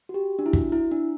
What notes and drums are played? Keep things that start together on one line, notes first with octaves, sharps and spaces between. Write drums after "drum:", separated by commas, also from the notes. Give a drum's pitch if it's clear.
F#4
G4
D4
E4
F#4, drum: kick
E4
D4